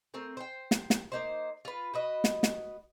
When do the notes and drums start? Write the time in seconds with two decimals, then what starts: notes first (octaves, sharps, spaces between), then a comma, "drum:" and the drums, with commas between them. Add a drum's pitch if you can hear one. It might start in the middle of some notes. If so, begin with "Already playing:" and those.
0.14 A3 C4 A#4
0.37 C5 G5
0.71 drum: snare
0.90 drum: snare
1.12 A#3 D#4 C5
1.65 F4 B4
1.94 F#4 B4 D#5
2.24 drum: snare
2.43 drum: snare